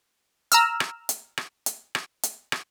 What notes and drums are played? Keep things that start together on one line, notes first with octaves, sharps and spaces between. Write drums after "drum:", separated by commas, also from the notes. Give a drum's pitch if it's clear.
A#5 E6 F6, drum: hi-hat
drum: rim click
drum: hi-hat
drum: rim click
drum: hi-hat
drum: rim click
drum: hi-hat
drum: rim click